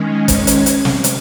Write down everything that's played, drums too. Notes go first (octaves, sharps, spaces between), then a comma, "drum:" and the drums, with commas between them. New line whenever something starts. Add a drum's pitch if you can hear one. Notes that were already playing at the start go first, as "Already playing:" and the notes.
Already playing: D#3 G#3 C#4
C#5, drum: kick, hi-hat
drum: hi-hat
drum: hi-hat
drum: snare
drum: hi-hat